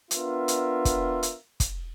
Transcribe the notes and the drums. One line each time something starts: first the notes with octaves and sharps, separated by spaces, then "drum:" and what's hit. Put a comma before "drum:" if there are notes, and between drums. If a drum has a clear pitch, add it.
B3 D4 F4 A#4 E5, drum: hi-hat
drum: hi-hat
drum: kick, hi-hat
drum: hi-hat
drum: kick, hi-hat